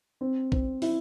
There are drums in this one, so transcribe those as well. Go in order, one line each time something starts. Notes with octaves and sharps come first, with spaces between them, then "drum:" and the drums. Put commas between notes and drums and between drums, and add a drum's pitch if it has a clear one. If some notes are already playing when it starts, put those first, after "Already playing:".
C4
C4, drum: kick
E4, drum: open hi-hat